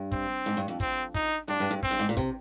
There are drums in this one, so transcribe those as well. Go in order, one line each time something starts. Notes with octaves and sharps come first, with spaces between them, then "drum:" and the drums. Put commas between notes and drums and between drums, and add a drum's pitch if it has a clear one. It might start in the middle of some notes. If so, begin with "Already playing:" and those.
Already playing: G2
C4, drum: kick, hi-hat
G#2
G2
F2
F2 C4, drum: kick, hi-hat
D#4, drum: kick, hi-hat
G2 D4
G2
G2
C4, drum: kick
G2
G#2
A#2
C3, drum: kick